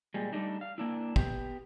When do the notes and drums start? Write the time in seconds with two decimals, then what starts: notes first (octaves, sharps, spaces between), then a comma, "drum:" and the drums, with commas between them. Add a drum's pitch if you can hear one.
0.14 A#2 G3 G#3
0.32 G3 A3 D4 D#4
0.61 F5
0.78 A#3 D4 E4
1.16 B3 G4, drum: kick